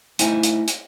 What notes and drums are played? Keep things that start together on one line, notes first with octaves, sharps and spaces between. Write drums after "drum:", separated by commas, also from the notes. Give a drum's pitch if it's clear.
A3 D#4 E4 C5 E5 G#5, drum: hi-hat
drum: hi-hat
drum: hi-hat